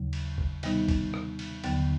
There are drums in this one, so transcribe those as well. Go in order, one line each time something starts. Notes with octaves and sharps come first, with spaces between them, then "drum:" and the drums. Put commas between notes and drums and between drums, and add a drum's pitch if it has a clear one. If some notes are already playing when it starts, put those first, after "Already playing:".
Already playing: D#2 C#3 F#3
drum: cymbal
drum: kick G1
C3 D#3 G3 B3 D#4, drum: cymbal
drum: kick G1, cymbal
drum: rim click
drum: cymbal
D#2 D3 F#3 B3, drum: cymbal